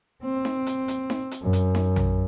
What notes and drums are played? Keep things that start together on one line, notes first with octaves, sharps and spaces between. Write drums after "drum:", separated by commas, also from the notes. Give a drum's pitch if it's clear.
C4
drum: snare D#4
drum: hi-hat
drum: hi-hat
drum: snare D#4
drum: hi-hat
F#2
drum: hi-hat
drum: snare D#4
drum: tom A#1